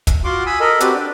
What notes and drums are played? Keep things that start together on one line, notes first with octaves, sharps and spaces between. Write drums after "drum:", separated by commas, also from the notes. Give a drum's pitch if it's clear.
drum: kick, hi-hat
F4 F#4 F#5 C6 D6
G#5 B5 D#6 E6
A4 A#4 D#5 B5
C4 F#4 G4 B4 D5, drum: hi-hat
D4